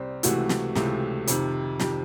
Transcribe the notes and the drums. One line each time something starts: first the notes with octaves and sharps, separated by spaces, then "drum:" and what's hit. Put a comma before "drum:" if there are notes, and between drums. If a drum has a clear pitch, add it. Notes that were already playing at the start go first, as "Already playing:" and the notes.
Already playing: C2 G3 C4
C#2 C3 E3 A3 F#4, drum: hi-hat
drum: snare
C#2 C3 E3 A3 G4, drum: snare
F2 C3 D#3, drum: hi-hat
F2 C3 D#3 G4, drum: snare